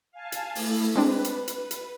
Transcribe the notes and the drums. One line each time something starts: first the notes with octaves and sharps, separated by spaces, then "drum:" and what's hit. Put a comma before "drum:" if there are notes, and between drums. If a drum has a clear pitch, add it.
F5 G#5 A5
drum: hi-hat
A3 E4, drum: open hi-hat
G#3 C4 D4 B4
drum: hi-hat
drum: hi-hat
drum: hi-hat